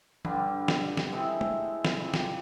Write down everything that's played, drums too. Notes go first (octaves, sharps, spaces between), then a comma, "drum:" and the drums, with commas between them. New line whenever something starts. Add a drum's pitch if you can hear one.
G2 D3 G3, drum: tom
drum: snare
drum: snare
G#3 C4 E4 A4
drum: tom
drum: snare
G3 C4 F4
drum: snare